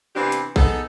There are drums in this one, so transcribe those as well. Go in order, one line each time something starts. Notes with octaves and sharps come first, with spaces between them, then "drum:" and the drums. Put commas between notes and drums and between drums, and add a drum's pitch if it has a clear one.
C3 E3 B3 C4 D4 G4
drum: hi-hat
B3 D#4 G#4 A4, drum: kick A#1